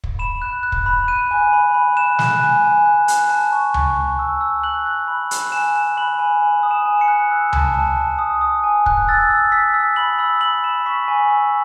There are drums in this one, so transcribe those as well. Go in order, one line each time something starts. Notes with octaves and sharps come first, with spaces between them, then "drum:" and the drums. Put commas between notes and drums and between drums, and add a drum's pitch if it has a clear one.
drum: kick
B5 E7
F#6
F#6
drum: kick
B5
F#6 D#7
G#5
B5
B5
F#6 E7
F#6, drum: snare
G#5
G#5
F#6
F#6, drum: hi-hat
A5
C#6
C#6, drum: tom C#2
C#6
E6
E6
F#6 F#7
F#6
B5
F#6, drum: hi-hat
G#5 E7
F#6
B5 F#7
G#5
G#5
D#6
E7
G#5
C#7
F#6
E6
A5, drum: tom C#2
A5
A5
D#6
D#6
G#5
F#6, drum: kick
E6 A6
E6
E6 B6
E6
B5 F#7
E6 F#7
B5 F#7
B5 E7
C#6 B6
G#5
E6